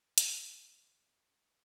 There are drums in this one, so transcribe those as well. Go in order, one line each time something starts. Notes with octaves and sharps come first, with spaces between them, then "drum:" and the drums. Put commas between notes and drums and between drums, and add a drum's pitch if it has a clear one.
D#3 A#5, drum: hi-hat
A3 D#4 A#4 C#5 C6
D#3 D#6
A3 D#4 A#4 C#5